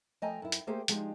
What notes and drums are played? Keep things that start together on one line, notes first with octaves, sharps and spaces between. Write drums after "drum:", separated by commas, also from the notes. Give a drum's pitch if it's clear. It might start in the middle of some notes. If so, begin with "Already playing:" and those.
F3 A3 D#5 G5 G#5 A#5
F#2 E4
drum: hi-hat
A3 A#3 G4 G#4 C5 G5
F3 G#3 D4 D#4 G4, drum: hi-hat